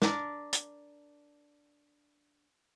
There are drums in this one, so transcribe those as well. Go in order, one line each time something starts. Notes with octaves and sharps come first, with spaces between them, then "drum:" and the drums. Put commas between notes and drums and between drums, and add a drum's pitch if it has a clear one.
D4 A#4 D5, drum: snare
drum: hi-hat